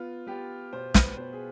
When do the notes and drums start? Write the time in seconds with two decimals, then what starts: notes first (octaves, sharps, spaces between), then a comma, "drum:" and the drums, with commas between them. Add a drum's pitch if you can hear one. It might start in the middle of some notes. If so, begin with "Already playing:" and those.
Already playing: B3 F4
0.27 B3 G4
0.73 B2 C5
0.94 B4, drum: snare
1.17 B2 C5
1.33 G#4